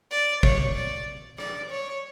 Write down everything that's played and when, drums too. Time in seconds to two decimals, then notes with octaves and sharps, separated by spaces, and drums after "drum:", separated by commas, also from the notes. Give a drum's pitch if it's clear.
0.11 D5
0.43 C#5, drum: kick
0.75 D5
1.38 D5, drum: rim click
1.70 C#5